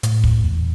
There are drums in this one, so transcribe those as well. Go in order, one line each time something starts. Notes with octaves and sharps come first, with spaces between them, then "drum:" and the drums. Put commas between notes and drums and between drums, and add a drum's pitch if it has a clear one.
A2, drum: hi-hat
drum: kick
E2